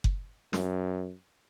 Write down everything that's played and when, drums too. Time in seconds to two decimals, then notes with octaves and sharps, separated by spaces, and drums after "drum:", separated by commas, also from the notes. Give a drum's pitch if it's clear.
0.04 drum: kick F#1
0.53 F#2, drum: snare